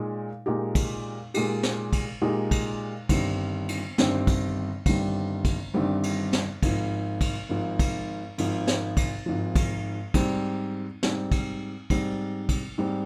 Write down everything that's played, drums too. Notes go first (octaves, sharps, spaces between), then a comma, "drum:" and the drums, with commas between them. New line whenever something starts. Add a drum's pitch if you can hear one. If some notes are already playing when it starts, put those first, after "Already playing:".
Already playing: A#2 G#3 D#4
A#2 G#3 D#4 G4
drum: kick, cymbal
A#2 G#3 D#4 G4, drum: cymbal
drum: snare
drum: kick, cymbal
A#2 G#3 D#4 G4
drum: kick, cymbal
G1 G2 D#3 G3 C4, drum: kick, cymbal
drum: cymbal
G1 G2 D#3 G3 C4, drum: snare
drum: kick, cymbal
G1 G2 D#3 G3 C4, drum: kick, cymbal
drum: kick, cymbal
G1 G2 D#3 G3 C4
drum: cymbal
drum: snare
G#1 G#2 F3, drum: kick, cymbal
drum: kick, cymbal
G#1 G#2 F3
drum: kick, cymbal
G#1 G#2 F3, drum: cymbal
drum: snare
drum: kick, cymbal
G#1 G#2 F3
drum: kick, cymbal
G#2 G3 C4, drum: kick, cymbal
G#2 G3 C4, drum: snare
drum: kick, cymbal
G#2 G3 C4, drum: kick, cymbal
drum: kick, cymbal
G#2 G3 C4